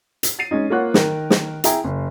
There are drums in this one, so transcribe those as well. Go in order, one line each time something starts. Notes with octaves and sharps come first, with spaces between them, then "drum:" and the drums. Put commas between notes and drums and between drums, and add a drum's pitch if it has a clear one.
drum: hi-hat
A6 C7 D#7
G#3 C#4 D#4
A#3 F4 C#5 F#5 F#6
D#3 A#4, drum: snare
drum: snare
E4 G#4 E5 G5 A#5, drum: hi-hat
F#1